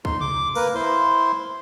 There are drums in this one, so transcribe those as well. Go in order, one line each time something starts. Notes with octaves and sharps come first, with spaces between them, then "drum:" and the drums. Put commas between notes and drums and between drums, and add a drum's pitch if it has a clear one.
D#4 C6, drum: kick C2
D6, drum: tom C3
A#3 A#4 B4, drum: open hi-hat
E4 C5 C6